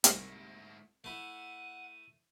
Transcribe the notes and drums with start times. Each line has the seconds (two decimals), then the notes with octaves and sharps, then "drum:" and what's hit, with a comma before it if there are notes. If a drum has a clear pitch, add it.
0.04 C2 G#2 A3 A#6, drum: hi-hat
1.04 A3 E4 F#5 D#7